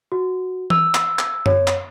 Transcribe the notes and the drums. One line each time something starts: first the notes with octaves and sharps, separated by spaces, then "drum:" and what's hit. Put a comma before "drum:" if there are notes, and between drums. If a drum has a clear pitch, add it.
F#4
E6, drum: tom E3
drum: clap
drum: clap
C#5, drum: tom F#2
drum: clap